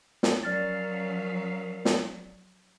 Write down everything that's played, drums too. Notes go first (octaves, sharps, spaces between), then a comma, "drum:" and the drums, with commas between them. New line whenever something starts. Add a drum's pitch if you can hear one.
drum: snare
F3 F#3 C#4 A#4 D5 F5 F6 A6
drum: snare